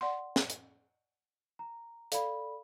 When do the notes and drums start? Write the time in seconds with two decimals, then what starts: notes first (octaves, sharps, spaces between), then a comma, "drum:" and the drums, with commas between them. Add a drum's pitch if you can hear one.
0.01 D5 F#5 C6
0.36 drum: snare
0.50 drum: hi-hat
1.59 A#5
2.12 A4 D5 F5 B5, drum: hi-hat